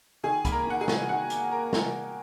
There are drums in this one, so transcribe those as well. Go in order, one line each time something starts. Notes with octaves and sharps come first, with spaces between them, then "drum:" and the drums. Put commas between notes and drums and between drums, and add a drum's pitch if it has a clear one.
D#3 G#4 G#5
A#3 B5, drum: kick, hi-hat
A#4 A#5
D#3 F#5
G#4 G#5
D#3, drum: snare
D#3 F#4 F#5
A#3, drum: hi-hat
A#3 A#4 A#5
A#3, drum: snare